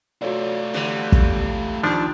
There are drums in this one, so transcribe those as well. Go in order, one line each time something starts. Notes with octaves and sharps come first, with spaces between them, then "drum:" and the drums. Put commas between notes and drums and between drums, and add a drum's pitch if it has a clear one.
A3 F4 F#4 C#5 D5
D5
D3 E3 G3
drum: kick
D#3 F3 D4 D#4 F4